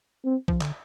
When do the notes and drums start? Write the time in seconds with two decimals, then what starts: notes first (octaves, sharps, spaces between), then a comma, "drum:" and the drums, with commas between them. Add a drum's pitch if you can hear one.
0.25 C4
0.48 F3, drum: kick B1
0.61 D3, drum: clap